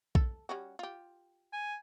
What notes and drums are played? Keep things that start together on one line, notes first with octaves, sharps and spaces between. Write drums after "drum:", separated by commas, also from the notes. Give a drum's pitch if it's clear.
A4, drum: kick A#1
G3 C#4 F#4
F4 G4
G#5